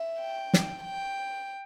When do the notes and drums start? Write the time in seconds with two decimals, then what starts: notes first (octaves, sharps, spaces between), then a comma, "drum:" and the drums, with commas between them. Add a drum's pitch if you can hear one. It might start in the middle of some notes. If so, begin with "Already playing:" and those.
Already playing: E5
0.20 G5
0.53 drum: snare
0.84 G5